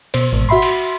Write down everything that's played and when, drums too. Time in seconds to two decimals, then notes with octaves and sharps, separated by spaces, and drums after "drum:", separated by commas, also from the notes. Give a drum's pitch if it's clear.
0.14 B2 C5, drum: cymbal
0.33 A1 G#2 B2
0.49 F#4 E5 B5 C6
0.62 drum: cymbal